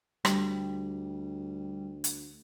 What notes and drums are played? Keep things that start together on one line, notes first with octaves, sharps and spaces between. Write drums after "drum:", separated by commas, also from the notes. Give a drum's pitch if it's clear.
D2 G3, drum: rim click
drum: hi-hat